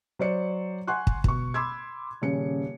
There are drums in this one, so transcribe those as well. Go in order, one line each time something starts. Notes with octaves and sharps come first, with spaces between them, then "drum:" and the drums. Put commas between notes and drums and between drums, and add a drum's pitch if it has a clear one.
F#3 C5 D5 C#7
F#5 G#5 C6 C#6 F#6
drum: kick
B2 C#6, drum: kick
B5 C6 D6 E6 G#6
D#1 C#3 C#7